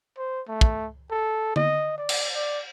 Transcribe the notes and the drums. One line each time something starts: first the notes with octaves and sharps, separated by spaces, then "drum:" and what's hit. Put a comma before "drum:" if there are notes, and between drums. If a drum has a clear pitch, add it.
C5
A3
drum: kick
A4
D#5, drum: tom D3
D5
drum: cymbal
D5